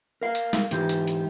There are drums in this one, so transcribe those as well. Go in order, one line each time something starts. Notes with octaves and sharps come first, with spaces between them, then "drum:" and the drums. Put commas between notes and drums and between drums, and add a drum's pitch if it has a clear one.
A#4 F5
drum: cymbal
drum: snare
G#2 E3 G4, drum: cymbal
drum: cymbal
drum: cymbal